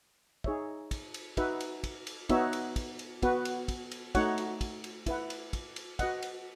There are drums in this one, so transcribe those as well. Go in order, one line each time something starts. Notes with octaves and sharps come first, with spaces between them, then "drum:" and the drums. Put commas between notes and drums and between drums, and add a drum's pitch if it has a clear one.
D#4 G#4 C#5 E5, drum: kick
drum: kick, cymbal
drum: cymbal
D#4 F#4 B4 E5, drum: kick, cymbal
drum: cymbal
drum: kick, cymbal
drum: cymbal
B3 D#4 F#4 C#5 E5, drum: kick, cymbal
drum: cymbal
drum: kick, cymbal
drum: cymbal
B3 F#4 B4, drum: kick, cymbal
drum: cymbal
drum: kick, cymbal
drum: cymbal
A3 D#4 F#4 C#5 F#5, drum: kick, cymbal
drum: cymbal
drum: kick, cymbal
drum: cymbal
E4 B4 F#5, drum: kick, cymbal
drum: cymbal
drum: kick, cymbal
drum: cymbal
F#4 B4 D#5 F#5, drum: kick, cymbal
drum: cymbal